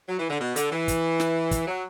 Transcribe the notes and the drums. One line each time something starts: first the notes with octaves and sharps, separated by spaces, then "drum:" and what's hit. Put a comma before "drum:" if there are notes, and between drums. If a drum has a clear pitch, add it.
F#3
E3
D3
B2
D3, drum: hi-hat
E3
drum: kick, hi-hat
drum: snare
drum: kick, hi-hat
F#3